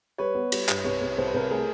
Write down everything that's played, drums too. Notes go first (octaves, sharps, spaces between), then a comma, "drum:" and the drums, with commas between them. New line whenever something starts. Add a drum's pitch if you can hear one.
G3 B4 C#5
B3
G3, drum: cymbal
G2, drum: clap
C2 B4 C#5
C2
C2 C5
B4
C2 A#4 C5
A3 G#4 A#4